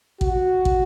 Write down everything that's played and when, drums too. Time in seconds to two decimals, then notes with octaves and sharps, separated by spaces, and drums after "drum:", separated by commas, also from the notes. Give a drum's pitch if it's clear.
0.21 F#4, drum: kick
0.65 drum: kick